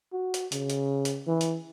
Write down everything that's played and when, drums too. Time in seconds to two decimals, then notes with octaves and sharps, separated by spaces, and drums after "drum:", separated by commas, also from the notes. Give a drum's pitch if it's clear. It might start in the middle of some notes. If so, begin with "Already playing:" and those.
0.13 F#4
0.34 drum: hi-hat
0.52 C#3, drum: hi-hat
0.70 drum: hi-hat
1.05 drum: hi-hat
1.27 E3
1.41 drum: hi-hat